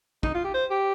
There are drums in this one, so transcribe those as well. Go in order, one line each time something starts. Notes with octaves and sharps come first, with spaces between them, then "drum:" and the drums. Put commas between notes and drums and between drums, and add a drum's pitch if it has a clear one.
D#4, drum: kick
F4
G4
C5
G4